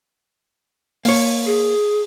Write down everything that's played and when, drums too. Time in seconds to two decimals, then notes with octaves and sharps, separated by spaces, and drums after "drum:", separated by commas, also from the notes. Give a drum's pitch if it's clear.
1.05 A#3 C#5, drum: open hi-hat
1.46 G#4